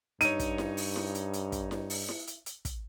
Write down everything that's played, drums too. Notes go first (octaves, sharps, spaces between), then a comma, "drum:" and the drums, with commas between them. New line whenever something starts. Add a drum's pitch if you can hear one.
G2 D#4 C#5 D#7, drum: hi-hat
drum: kick, hi-hat
drum: snare E4
drum: open hi-hat
drum: snare E4
drum: hi-hat
drum: hi-hat
drum: kick, hi-hat
drum: snare E4
drum: open hi-hat
drum: snare E4
drum: hi-hat
drum: hi-hat
drum: kick, hi-hat